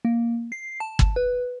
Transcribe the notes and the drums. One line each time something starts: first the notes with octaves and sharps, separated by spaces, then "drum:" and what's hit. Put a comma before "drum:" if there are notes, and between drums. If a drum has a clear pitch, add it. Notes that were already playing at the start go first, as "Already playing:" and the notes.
A#3
C7
A5
drum: kick
B4